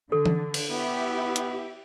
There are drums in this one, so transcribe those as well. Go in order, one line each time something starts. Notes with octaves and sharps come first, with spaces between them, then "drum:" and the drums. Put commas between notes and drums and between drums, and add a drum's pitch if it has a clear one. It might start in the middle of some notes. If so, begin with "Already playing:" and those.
D3 A4
drum: tom E3
drum: cymbal
B3 E4 G4 E5
drum: hi-hat